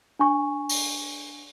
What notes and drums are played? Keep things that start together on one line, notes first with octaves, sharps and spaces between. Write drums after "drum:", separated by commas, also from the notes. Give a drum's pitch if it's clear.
D4 G#5 C#6
drum: open hi-hat